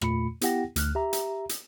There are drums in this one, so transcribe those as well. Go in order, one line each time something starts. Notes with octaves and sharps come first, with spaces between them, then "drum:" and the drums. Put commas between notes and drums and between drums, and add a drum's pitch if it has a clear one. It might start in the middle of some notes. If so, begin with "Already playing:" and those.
E2 A#2 A3 F4 B5 C#7, drum: rim click
B3 E4 G4 F#5 G5 A#6, drum: hi-hat
D2 F6 F#6, drum: hi-hat
G4 E5 A#5
drum: hi-hat
drum: hi-hat